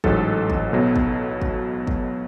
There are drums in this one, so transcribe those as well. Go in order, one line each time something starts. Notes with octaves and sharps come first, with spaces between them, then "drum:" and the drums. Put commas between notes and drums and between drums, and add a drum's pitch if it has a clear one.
A1 G#2 F#3 A4, drum: kick
drum: kick
B1 B2 F#3
drum: kick
drum: kick
drum: kick